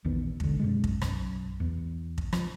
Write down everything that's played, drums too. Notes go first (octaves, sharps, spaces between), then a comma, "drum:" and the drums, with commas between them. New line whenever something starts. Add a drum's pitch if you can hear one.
A#1 E2 D#3 B3
E1 D3, drum: kick
F#2 B2 G#3
drum: kick
B1 F#2, drum: rim click
E2
drum: kick
F3 C4, drum: rim click